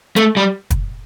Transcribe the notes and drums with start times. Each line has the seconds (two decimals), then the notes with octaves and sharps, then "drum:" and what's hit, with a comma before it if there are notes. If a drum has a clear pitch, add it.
0.16 A3, drum: hi-hat
0.37 G3
0.70 drum: kick, hi-hat